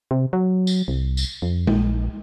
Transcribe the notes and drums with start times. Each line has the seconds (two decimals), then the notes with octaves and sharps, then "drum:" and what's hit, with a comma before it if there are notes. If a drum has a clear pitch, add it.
0.11 C3
0.33 F#3
0.67 drum: tambourine
0.88 C2
1.17 drum: tambourine
1.42 F2
1.67 A#1, drum: tom G#3